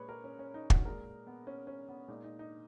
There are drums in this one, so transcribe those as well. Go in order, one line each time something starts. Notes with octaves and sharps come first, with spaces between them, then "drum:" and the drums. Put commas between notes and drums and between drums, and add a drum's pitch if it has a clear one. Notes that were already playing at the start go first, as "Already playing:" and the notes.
Already playing: A#2 G#3 B4 C#5
A#4
C#4
C#4
D#4
F#4, drum: kick
A#2 G#3 A#4
B3
C#4
C#4
B3
A#2 G#3 D#4
D#4
D#4